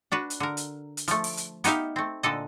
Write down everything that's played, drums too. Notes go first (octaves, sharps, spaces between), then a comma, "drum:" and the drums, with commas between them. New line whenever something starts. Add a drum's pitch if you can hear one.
D4 F#4 B4
drum: hi-hat
D3 A#4
drum: hi-hat
drum: hi-hat
F3 A3, drum: hi-hat
drum: open hi-hat
drum: hi-hat
B3 D#4 G4 E5 F5, drum: hi-hat
A3 C4
A#2 D3 A4 D#5